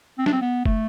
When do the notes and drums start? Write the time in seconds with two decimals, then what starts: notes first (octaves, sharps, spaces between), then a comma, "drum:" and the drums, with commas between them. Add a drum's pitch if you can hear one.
0.19 C4
0.26 D4, drum: snare
0.33 C4
0.42 B3
0.65 A3, drum: kick F1